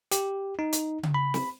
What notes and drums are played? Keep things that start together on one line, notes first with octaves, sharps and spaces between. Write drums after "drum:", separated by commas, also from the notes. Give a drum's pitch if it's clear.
G4, drum: hi-hat
D#4
drum: hi-hat
drum: tom C#3
B5
drum: snare